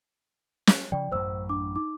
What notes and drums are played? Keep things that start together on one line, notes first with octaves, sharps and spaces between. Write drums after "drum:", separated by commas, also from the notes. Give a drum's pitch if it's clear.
drum: snare
C#3 F3 D5 G5
A1 F#2 C5 E6
D4 D6
D#4 D6